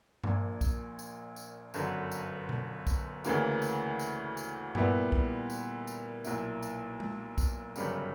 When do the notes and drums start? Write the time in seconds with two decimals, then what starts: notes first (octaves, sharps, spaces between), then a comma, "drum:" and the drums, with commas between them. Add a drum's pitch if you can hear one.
0.24 A#1 A#2 A#3 D4, drum: tom G2
0.61 drum: kick B1, tambourine
0.99 drum: tambourine
1.36 drum: tambourine
1.74 G1 F#2 D3, drum: tambourine
2.11 drum: tambourine
2.49 drum: tom B2
2.87 drum: kick B1, tambourine
3.24 D2 C#3 E3 A#3, drum: tambourine
3.62 drum: tambourine
3.99 drum: tambourine
4.37 drum: tambourine
4.75 A#2 G3 B3 E4, drum: tom G2
5.12 drum: kick B1
5.50 drum: tambourine
5.87 drum: tambourine
6.25 B1 A#2 A#3 E4, drum: tambourine
6.62 drum: tambourine
7.00 drum: tom G#3
7.38 drum: kick B1, tambourine
7.76 G1 F#2 C#3 G3, drum: tambourine